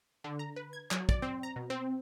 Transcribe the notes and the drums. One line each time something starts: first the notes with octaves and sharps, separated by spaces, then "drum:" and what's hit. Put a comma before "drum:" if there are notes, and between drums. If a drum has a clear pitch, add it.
D3
A#5
B4
G#6
F#3, drum: clap
D5, drum: kick
C4
A#5
B2
C4